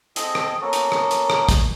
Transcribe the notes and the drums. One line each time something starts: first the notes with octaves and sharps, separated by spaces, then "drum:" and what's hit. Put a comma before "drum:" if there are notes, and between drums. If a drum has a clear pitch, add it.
C4 G#4 A4 D#5, drum: hi-hat
drum: rim click
A#3 B3 C#4 F#4 A4
drum: hi-hat
drum: rim click
drum: hi-hat
drum: rim click
drum: kick, hi-hat